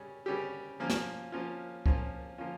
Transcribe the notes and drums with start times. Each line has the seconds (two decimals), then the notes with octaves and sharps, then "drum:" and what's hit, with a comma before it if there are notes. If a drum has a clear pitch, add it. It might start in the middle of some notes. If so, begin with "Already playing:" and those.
Already playing: C#3 G3 C#4
0.26 C#3 G3 C#4 G4
0.80 F3 A#3 C#4 F4
0.90 drum: snare
1.32 F3 A#3 C#4 F4
1.86 F3 A#3 C#4 F4, drum: kick C#2
2.38 F3 A#3 C#4 F4